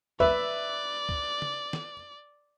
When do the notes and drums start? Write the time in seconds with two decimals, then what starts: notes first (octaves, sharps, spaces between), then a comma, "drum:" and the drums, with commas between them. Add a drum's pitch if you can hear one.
0.20 B4 D5 E5, drum: kick
1.09 drum: kick
1.42 drum: tom
1.73 drum: snare